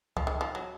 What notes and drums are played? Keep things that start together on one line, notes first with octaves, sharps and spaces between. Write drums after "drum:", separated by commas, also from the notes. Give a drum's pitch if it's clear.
F3, drum: kick C#2
D#3
F3
F#3